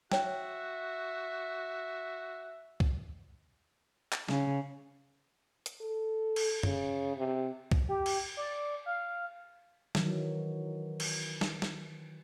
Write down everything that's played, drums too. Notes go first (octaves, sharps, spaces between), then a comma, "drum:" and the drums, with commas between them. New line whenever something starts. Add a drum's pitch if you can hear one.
F#4 C#5 E5 G5, drum: snare
drum: kick C2
drum: clap
C#3, drum: snare
drum: hi-hat
A4
drum: cymbal
C#3, drum: tom F#2
C3
drum: kick C2
G4
drum: cymbal
D5
F5
D#3 E3 F#3, drum: snare
drum: cymbal
drum: snare
drum: snare